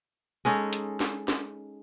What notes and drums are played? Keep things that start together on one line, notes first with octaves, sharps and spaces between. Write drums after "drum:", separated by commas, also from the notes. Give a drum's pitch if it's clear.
G#3 C#4 D#4 A4
drum: hi-hat
drum: snare
drum: snare